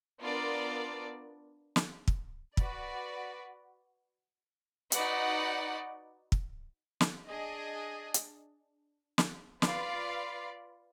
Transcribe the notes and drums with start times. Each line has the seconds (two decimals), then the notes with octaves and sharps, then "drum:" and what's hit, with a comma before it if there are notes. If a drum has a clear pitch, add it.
0.22 B3 D4 F4 A#4 D5
1.76 drum: snare
2.08 drum: kick
2.57 F#4 B4 D5, drum: kick
4.92 D#4 F#4 B4 D5 F#5, drum: hi-hat
6.32 drum: kick
7.01 drum: snare
7.27 D4 G#4 D#5
8.14 drum: hi-hat
9.18 drum: snare
9.62 F4 B4 D5 F5, drum: snare